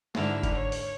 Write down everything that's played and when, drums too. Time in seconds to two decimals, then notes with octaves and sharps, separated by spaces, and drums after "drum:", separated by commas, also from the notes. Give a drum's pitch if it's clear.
0.15 G#2 D3 D4 E4 F6, drum: snare
0.43 drum: kick F1, hi-hat
0.53 C#5
0.72 drum: open hi-hat